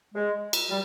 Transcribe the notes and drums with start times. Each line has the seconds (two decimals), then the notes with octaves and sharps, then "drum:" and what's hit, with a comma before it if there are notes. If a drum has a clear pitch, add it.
0.15 G#3
0.53 drum: cymbal
0.70 G3